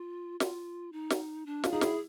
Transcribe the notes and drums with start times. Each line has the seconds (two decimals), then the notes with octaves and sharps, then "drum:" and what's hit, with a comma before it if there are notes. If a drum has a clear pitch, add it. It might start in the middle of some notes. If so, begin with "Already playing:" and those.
Already playing: F4
0.40 F4, drum: snare
0.93 D#4
1.10 drum: snare
1.46 D4
1.64 F4, drum: snare
1.72 D#4 G#4
1.81 E4, drum: snare